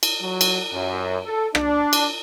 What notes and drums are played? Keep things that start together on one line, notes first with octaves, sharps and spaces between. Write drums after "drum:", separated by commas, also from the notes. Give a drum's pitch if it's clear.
drum: cymbal
F#3
drum: cymbal
F#2
A4
D4, drum: rim click
drum: cymbal